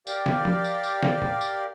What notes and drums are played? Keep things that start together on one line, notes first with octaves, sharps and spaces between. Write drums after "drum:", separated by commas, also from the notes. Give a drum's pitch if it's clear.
G4 A#4 D5 F5 G5, drum: tambourine
drum: snare
drum: tom
drum: tambourine
drum: tambourine
drum: snare
drum: tom
drum: tambourine